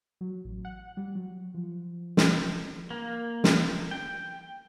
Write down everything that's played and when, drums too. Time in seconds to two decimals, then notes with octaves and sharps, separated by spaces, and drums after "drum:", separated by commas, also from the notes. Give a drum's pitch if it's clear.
0.21 F#3
0.45 A1
0.65 F#5
0.97 G3
1.15 F#3
1.55 F3
2.17 drum: snare
2.91 A#3
3.44 drum: snare
3.91 G5